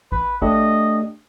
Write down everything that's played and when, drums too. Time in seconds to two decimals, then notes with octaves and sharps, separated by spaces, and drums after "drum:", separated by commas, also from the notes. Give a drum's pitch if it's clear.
0.12 B4, drum: kick A1
0.42 A3 D4 G4 D#5, drum: kick A1